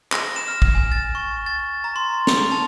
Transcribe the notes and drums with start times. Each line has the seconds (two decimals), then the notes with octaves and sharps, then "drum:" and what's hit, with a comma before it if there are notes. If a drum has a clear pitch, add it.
0.12 A#6, drum: clap
0.36 E7
0.48 F6
0.62 drum: kick
0.75 G#5
0.92 A6
1.15 C#6
1.46 A6
1.84 A#5
1.96 C6
2.27 F7, drum: snare
2.52 A5